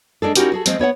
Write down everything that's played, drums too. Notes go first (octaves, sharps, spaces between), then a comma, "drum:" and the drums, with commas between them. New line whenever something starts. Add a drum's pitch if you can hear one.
G#3 D4 G#4 A4
C#4 D#4 E4 F#4 G4 A#4, drum: hi-hat
F#4 G#4 A4
F3 G#3 A3 C4, drum: hi-hat
B3 C#5 E5 F#5